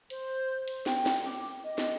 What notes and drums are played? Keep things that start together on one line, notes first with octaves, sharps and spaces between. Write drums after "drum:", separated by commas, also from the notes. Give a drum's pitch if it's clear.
C5, drum: hi-hat
drum: hi-hat
G5, drum: snare
drum: snare
D6
D#5
drum: snare